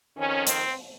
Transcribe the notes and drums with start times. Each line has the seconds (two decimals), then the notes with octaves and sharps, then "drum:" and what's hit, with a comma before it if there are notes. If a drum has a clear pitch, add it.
0.16 F2 D#3 C#4
0.47 C4, drum: hi-hat